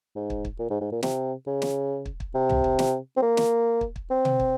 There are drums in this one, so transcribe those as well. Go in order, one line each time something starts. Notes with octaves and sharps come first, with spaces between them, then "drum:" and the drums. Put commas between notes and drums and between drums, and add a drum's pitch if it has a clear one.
G#2
drum: kick
drum: kick
A#2
G#2
G#2
A#2
C3, drum: snare
C#3
drum: snare
drum: kick
drum: kick
C3
drum: tom
drum: kick
drum: snare
C4
A#3
drum: snare
drum: kick
drum: kick
C4
drum: tom B2
drum: kick